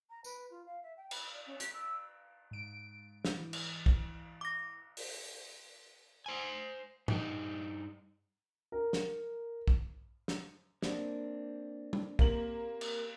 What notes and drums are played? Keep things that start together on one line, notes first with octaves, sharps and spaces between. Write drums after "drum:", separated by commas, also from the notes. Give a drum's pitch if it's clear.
A#5
B4, drum: tambourine
F4
F5
E5
G5
B5, drum: cymbal
D5
C#4
B6, drum: hi-hat
E6
G#2 D7
drum: snare
E3
drum: cymbal
drum: kick
D6 A#6
drum: open hi-hat
C5 G#5
G2 D#4, drum: tom G#2
A#4
drum: snare
drum: kick
drum: snare
A#3 C4 D4, drum: snare
drum: tom G3
A#3 C4 G4 A#4 F#7, drum: kick
drum: cymbal